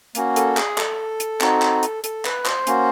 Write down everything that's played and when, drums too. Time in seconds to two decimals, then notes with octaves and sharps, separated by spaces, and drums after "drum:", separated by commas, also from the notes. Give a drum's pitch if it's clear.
0.15 A#3 C#4 F#4, drum: hi-hat
0.36 A4, drum: hi-hat
0.57 G#4, drum: clap
0.78 A4, drum: clap
1.20 drum: hi-hat
1.41 C4 D#4 F#4, drum: clap
1.62 drum: clap
1.83 drum: hi-hat
2.04 A4, drum: hi-hat
2.25 B4, drum: clap
2.46 C5, drum: clap
2.67 A#3 C#4 F#4, drum: hi-hat